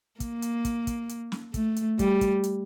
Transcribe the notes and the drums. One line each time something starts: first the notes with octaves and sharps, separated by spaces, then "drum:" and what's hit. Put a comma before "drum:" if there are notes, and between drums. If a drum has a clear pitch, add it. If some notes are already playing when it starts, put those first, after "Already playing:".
A#3, drum: kick, hi-hat
drum: hi-hat
drum: kick, hi-hat
drum: kick, hi-hat
drum: hi-hat
drum: snare
A3, drum: kick, hi-hat
drum: hi-hat
G3, drum: kick, hi-hat
drum: kick, hi-hat
drum: hi-hat